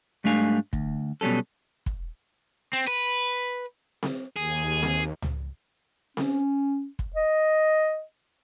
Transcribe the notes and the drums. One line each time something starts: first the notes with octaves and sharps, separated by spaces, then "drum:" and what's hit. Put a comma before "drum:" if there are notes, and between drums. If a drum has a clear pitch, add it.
G#2 G3 A3 D4 F5 G#5
D2, drum: kick
B2 F#3 G3 C#4 A4
drum: kick
C4
B4
drum: snare C4
D#2 G#4
drum: snare C4
drum: tom C#2
C#4, drum: snare C4
drum: kick
D#5